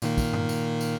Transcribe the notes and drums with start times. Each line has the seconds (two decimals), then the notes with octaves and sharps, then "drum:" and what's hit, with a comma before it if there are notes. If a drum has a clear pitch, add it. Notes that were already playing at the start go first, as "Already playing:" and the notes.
0.02 A#2 D#3 A#3, drum: tambourine
0.18 drum: kick, tambourine
0.33 drum: tom G2
0.49 drum: tambourine
0.81 drum: tambourine